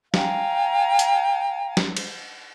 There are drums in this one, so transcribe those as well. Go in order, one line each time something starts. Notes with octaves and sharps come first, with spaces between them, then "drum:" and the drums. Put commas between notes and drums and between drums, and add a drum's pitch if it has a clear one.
F5 G5 G#5 A#5, drum: snare
drum: hi-hat
drum: snare
drum: cymbal